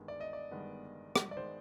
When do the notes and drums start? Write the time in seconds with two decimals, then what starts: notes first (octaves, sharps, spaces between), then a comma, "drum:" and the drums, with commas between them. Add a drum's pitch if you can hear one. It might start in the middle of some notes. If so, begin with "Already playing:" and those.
Already playing: G1 G2 D#3 G#3 B3
0.08 D5
0.20 D#5
0.33 D5
0.51 G1 G2 D#3 G#3 B3
1.16 drum: rim click
1.31 D5
1.36 D#3 G#3 B3 C5